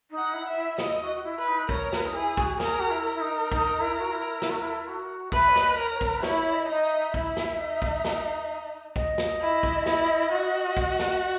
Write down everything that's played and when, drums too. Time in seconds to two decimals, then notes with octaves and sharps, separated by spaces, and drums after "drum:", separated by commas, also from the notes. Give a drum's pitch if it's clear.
0.11 D#4
0.18 F#5
0.34 E4
0.49 E5
0.56 E4
0.78 E4 D#5, drum: snare
1.02 F#4
1.15 F#4
1.24 E4
1.39 B4
1.47 D#4
1.69 A#4 C#5, drum: kick
1.92 B4, drum: snare
2.06 D#4
2.15 E4 G#4
2.37 F#4, drum: kick
2.60 G#4 A#4, drum: snare
2.80 F#4
2.91 E4
3.05 A#4
3.15 E4
3.21 D#4
3.52 D#4, drum: kick
3.81 E4
4.00 F#4
4.12 E4
4.42 E4, drum: snare
4.51 F#4
4.60 E4
4.88 F#4
5.32 B4 E5, drum: kick
5.49 C#5
5.56 D#5, drum: snare
5.78 A#4 C#5
5.94 C#5
6.01 B4, drum: kick
6.23 E4 C#5, drum: snare
6.53 D#5
6.68 D#4
6.83 E5
7.14 E4, drum: kick
7.36 drum: snare
7.59 D#4
7.82 drum: kick
8.04 drum: snare
8.96 D#5, drum: kick
9.18 drum: snare
9.41 E4
9.63 drum: kick
9.86 E4, drum: snare
10.31 F#4
10.77 drum: kick
10.99 drum: snare